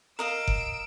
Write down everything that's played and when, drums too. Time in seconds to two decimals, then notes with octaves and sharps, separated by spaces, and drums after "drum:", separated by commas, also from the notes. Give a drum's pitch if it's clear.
0.19 A#4 D#5 F5 E6 D7
0.47 drum: kick F#1